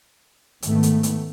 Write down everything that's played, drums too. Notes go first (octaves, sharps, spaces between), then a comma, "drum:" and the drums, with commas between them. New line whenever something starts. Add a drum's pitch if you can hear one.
G#2 D#3 A3 B3, drum: hi-hat
drum: hi-hat
drum: hi-hat